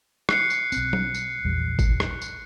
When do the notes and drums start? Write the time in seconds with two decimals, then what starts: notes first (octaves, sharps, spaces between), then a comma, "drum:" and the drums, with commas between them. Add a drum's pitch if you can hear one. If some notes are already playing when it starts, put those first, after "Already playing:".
0.29 F#6 C7 C#7, drum: rim click
0.50 drum: tambourine
0.72 B1 C4, drum: tambourine
0.93 drum: tom F#3
1.14 drum: tambourine
1.44 A#1 E2 G3
1.79 drum: kick G#1, tambourine
2.00 drum: rim click
2.22 drum: tambourine